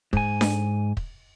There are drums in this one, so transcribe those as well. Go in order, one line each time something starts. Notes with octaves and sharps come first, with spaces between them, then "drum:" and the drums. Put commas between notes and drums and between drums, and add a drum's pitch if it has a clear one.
G#2 G#5, drum: kick
drum: snare D4
drum: kick